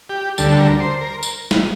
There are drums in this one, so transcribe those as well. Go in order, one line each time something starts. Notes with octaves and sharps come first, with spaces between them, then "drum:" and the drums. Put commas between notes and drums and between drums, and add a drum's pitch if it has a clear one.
G4
D2 D3 G3 A4, drum: tambourine
A4
A#4
C5
A#4
drum: tambourine
drum: snare